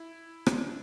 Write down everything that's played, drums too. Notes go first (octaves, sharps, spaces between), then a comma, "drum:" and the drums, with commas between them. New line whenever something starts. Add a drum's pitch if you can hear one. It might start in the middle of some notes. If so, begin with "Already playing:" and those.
Already playing: E4
D4, drum: rim click